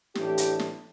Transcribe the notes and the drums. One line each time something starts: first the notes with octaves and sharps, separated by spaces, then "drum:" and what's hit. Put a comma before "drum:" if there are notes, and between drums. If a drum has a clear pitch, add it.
A2 E3 A3 D4 G4, drum: snare
drum: hi-hat
drum: snare